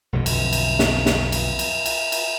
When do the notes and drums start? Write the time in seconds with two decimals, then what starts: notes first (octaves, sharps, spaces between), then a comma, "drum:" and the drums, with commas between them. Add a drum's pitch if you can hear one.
0.13 B1 F2 D3
0.26 drum: cymbal
0.53 drum: cymbal
0.79 drum: snare
1.06 drum: snare
1.32 drum: cymbal
1.59 drum: cymbal
1.86 drum: cymbal
2.12 drum: cymbal